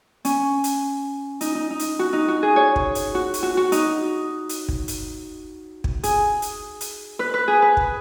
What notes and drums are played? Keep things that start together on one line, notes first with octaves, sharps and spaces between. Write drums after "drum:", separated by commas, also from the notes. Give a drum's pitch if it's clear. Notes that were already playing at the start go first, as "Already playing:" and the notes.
C#4, drum: hi-hat
drum: hi-hat
D#4, drum: hi-hat
D#4
D#4
drum: hi-hat
F#4
D#4
F#4
G#4
C#5
drum: kick
drum: hi-hat
F#4
drum: hi-hat
F#4
F#4
D#4, drum: hi-hat
drum: hi-hat
drum: kick
drum: hi-hat
drum: kick
G#4, drum: hi-hat
drum: hi-hat
drum: hi-hat
B4
B4
G#4
B4
drum: kick